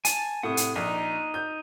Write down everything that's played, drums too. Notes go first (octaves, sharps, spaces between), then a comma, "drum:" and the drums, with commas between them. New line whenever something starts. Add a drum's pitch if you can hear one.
G#5 A5, drum: hi-hat
A2 C3 F#5 D#6
drum: hi-hat
A#1 D#4
G6